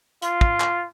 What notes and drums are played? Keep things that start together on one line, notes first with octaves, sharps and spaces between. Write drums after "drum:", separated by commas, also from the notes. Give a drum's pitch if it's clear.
F4, drum: hi-hat
drum: kick
drum: clap